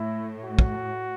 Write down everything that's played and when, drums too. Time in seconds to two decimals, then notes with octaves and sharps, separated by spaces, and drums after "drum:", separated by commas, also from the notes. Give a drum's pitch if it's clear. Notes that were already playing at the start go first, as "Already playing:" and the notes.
Already playing: A2 E4
0.44 F#4
0.59 drum: kick